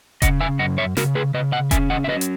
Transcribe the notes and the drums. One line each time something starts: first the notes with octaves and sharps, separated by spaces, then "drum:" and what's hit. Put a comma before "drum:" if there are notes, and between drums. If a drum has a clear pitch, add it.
C#3 D#5 F#5, drum: kick E1, hi-hat
E5 G#5
F#2 D#5 F#5
C#5 E5
C#3 F#4 A#4, drum: snare
G#4 B4
C#3 B4 D#5
D#5 F#5
C#4 E5 G#5, drum: kick E1, hi-hat
D#5 F#5
E5
F#3 B4 D#5
drum: hi-hat